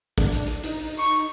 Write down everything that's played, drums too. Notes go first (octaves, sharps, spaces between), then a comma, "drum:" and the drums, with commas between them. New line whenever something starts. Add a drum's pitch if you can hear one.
D4, drum: kick, hi-hat
drum: hi-hat
drum: hi-hat
D#4, drum: hi-hat
drum: open hi-hat
C#6